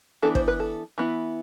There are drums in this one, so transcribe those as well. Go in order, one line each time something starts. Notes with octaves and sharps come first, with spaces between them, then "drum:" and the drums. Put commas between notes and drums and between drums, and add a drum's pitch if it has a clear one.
E3 B3 D4 A4
C5, drum: kick
B4
A4
E3 B3 E4